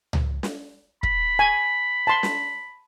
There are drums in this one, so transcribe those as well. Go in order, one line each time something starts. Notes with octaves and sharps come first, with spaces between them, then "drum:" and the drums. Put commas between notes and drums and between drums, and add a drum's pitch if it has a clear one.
drum: tom C#2
drum: snare
B5, drum: kick
G#5
A5 C6
drum: snare